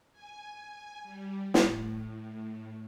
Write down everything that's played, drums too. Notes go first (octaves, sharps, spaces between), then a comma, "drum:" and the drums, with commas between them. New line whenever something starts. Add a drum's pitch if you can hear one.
G#5
G3
A2, drum: snare